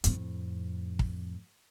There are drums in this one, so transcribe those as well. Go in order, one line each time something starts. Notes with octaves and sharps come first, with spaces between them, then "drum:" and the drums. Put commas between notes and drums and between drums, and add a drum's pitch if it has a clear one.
F2 A2, drum: hi-hat
drum: kick